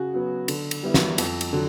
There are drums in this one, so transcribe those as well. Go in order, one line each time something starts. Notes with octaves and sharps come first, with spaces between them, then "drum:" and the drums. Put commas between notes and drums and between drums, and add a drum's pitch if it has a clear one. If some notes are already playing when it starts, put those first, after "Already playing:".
Already playing: C#3 F#4 G#4
F#3 B3
D3, drum: cymbal
drum: cymbal
G3 B3 E4
drum: snare
F2, drum: cymbal
drum: cymbal
D3 F#3